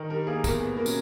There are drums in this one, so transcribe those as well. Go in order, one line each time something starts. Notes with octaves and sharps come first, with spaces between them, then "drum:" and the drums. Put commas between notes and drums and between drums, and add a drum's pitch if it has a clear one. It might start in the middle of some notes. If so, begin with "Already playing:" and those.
Already playing: D#3 D#4 A#4
G3 A#4
A#3 G#4
E2 A#4, drum: kick, tambourine
E2 B3
B2 A#3
C#4, drum: tambourine